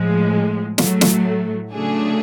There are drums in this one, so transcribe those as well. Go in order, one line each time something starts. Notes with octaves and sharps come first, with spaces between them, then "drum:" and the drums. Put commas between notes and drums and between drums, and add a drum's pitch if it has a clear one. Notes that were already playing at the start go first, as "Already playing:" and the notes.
Already playing: A2 F3 G#3
A2 F#3 A3, drum: snare
drum: snare
C#3 F#3 A3 D4 G#4